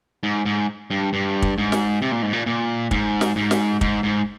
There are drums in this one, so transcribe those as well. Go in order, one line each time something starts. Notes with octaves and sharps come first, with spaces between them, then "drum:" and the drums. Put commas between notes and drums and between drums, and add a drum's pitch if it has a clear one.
G#2
G#2
G2
G2
drum: kick
G#2
drum: snare
C3
A#2
G#2
A#2
A#2
G#2, drum: kick
drum: snare
G#2
drum: snare
G#2, drum: kick
G#2